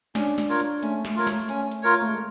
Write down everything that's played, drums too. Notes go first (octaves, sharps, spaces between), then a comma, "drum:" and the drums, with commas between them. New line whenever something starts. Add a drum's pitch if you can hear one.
C#4 D4, drum: snare
drum: snare
F4 A#4 C#5
drum: hi-hat
A3 C#4, drum: hi-hat
drum: snare
F4 A#4 C#5
drum: snare
C#4, drum: hi-hat
drum: hi-hat
F4 A#4 C#5
A3
G#3